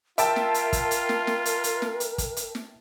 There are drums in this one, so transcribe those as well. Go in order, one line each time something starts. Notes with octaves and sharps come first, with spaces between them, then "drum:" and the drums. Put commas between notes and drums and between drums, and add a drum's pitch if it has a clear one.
F4 A#4 E5 G5 A5, drum: hi-hat
drum: snare
drum: hi-hat
drum: kick, hi-hat
drum: hi-hat
drum: snare
drum: snare
drum: hi-hat
drum: hi-hat
drum: snare
drum: hi-hat
drum: kick, hi-hat
drum: hi-hat
drum: snare